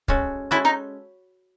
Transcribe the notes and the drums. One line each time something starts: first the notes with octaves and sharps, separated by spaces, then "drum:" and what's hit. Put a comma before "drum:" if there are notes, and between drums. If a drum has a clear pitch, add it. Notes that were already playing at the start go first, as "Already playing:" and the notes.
G#3 C#4 F#4 A4, drum: kick
G#3 C#4 E4 F#4 A4
D#4